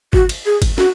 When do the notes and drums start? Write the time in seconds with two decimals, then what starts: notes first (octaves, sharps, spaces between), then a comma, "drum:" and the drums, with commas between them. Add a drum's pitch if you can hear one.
0.13 F#4, drum: kick
0.29 drum: cymbal
0.46 G#4
0.62 drum: kick, cymbal
0.78 F#4, drum: snare